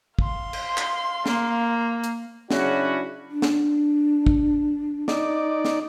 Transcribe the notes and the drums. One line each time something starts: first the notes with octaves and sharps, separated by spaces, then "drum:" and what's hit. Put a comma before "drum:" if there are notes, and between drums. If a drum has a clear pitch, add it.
F5 C6, drum: kick
drum: cymbal
drum: clap
A#3, drum: snare
drum: hi-hat
C#3 F#3 C#4 D4 E4 F#4, drum: snare
D4
drum: snare
drum: kick
D#4 D5, drum: snare
drum: snare